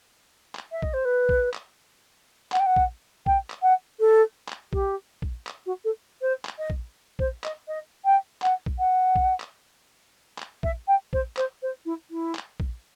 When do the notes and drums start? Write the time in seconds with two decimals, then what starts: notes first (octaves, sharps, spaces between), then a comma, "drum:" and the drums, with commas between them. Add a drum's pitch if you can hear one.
0.55 drum: clap
0.71 E5
0.82 D#5, drum: kick A#1
0.93 C5
1.05 B4
1.29 drum: kick A#1
1.54 drum: clap
2.52 F#5, drum: clap
2.60 G5
2.66 F#5
2.76 drum: kick A#1
3.26 G5, drum: kick A#1
3.50 drum: clap
3.62 F#5
4.00 A4
4.49 drum: clap
4.73 G4, drum: kick A#1
5.22 drum: kick A#1
5.47 drum: clap
5.66 F#4
5.84 A4
6.21 C5
6.45 drum: clap
6.58 D#5
6.70 drum: kick A#1
7.19 C5, drum: kick A#1
7.44 D#5, drum: clap
7.67 D#5
8.05 G5
8.42 F#5, drum: clap
8.66 drum: kick A#1
8.79 F#5
9.16 drum: kick A#1
9.40 drum: clap
10.38 drum: clap
10.63 E5, drum: kick A#1
10.87 G5
11.13 C5, drum: kick A#1
11.37 C5, drum: clap
11.62 C5
11.85 E4
12.10 E4
12.35 drum: clap
12.60 drum: kick A#1